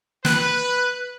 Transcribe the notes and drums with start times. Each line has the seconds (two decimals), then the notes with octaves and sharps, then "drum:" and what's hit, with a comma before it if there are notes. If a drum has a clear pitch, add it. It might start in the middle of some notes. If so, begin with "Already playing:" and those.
0.25 B4 F#6, drum: snare